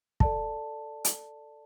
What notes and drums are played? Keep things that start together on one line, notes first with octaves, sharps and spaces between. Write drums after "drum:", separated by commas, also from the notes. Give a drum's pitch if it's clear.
A4 D5 A5, drum: kick
drum: hi-hat